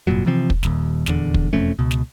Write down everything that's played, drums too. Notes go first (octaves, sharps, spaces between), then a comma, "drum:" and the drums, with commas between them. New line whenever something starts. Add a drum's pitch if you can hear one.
F1 G2 A#2 F#3
C3 E3 F3 C4
drum: kick
D#1 D#2, drum: snare
D#1 E2 D3, drum: snare
drum: kick
E1 F2 A3 C#4
C#2 B2
drum: snare